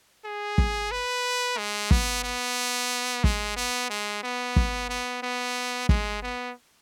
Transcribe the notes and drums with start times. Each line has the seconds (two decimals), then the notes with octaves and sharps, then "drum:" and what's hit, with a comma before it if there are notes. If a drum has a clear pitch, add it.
0.25 G#4
0.58 drum: kick
0.91 B4
1.58 G#3
1.91 B3, drum: kick
2.23 B3
3.24 G#3, drum: kick
3.57 B3
3.90 G#3
4.23 B3
4.56 drum: kick
4.89 B3
5.22 B3
5.89 G#3, drum: kick
6.22 B3